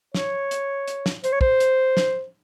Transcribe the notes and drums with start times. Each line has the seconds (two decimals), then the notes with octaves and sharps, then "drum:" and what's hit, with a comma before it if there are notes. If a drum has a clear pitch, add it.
0.15 C#5, drum: snare
0.51 drum: hi-hat
0.88 drum: hi-hat
1.06 drum: snare
1.24 C5, drum: hi-hat
1.32 C#5
1.41 C5, drum: kick
1.60 drum: hi-hat
1.97 drum: snare